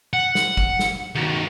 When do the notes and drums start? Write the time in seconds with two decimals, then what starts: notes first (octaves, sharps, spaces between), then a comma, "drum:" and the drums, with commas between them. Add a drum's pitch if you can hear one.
0.13 F#5
0.35 drum: snare
0.57 drum: kick
0.79 drum: snare
1.15 D#3 F#3